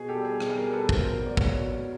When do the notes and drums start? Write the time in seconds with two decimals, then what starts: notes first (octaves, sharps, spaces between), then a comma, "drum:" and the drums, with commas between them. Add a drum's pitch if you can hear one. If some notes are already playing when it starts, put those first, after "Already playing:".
Already playing: B2 G#4
0.08 G4 A4
0.17 G3
0.25 G#4
0.40 B2 G#4, drum: rim click
0.57 G#4 A#4
0.65 G3
0.73 A4 B4
0.89 B2 A#4 C5, drum: kick
1.05 A#4 C5
1.14 F#3
1.26 D5
1.37 B2 B4 C#5, drum: kick
1.62 F#3